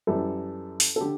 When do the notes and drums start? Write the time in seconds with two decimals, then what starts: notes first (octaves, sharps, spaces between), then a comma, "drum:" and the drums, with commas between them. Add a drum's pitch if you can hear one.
0.07 F#2 E3 G3 A4
0.80 drum: open hi-hat
0.96 A4
1.01 D3 G4